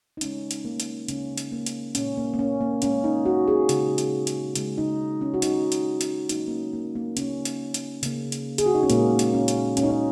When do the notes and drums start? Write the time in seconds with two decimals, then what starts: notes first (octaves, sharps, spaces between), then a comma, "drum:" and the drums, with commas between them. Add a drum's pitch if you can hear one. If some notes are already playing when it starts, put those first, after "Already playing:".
0.17 D#4
0.21 C#3 G#3 C#4, drum: hi-hat
0.51 drum: hi-hat
0.65 A#3
0.80 drum: hi-hat
1.08 C#3 G#3 C#4, drum: hi-hat
1.38 drum: hi-hat
1.52 A#3
1.66 drum: hi-hat
1.95 A#2 G#3 C#4, drum: hi-hat
2.17 A#3
2.34 A#3
2.39 C#4
2.61 A#3
2.82 A#2 G#3 C#4, drum: hi-hat
3.04 D#4
3.25 F#4
3.47 G#4
3.69 C#3 G#3, drum: hi-hat
3.98 drum: hi-hat
4.27 drum: hi-hat
4.55 C#3 G#3, drum: hi-hat
4.78 D#4
5.21 C#4
5.34 F#4
5.42 C#3 F#3 A#3 D#4, drum: hi-hat
5.72 drum: hi-hat
6.01 drum: hi-hat
6.29 C#3 F#3 A#3 D#4, drum: hi-hat
6.47 A#3
6.51 C#4
6.73 A#3
6.95 A#3
7.17 C#3 A#3 C#4, drum: hi-hat
7.45 drum: hi-hat
7.74 drum: hi-hat
8.03 C#3 A#3, drum: hi-hat
8.32 drum: hi-hat
8.58 G#4, drum: hi-hat
8.66 F#4
8.75 D#4
8.83 C#4
8.90 A#2 G#3 A#3, drum: hi-hat
9.19 drum: hi-hat
9.33 C#4
9.48 drum: hi-hat
9.77 A#2 G#3 C#4, drum: hi-hat
9.84 D#4
9.90 C#4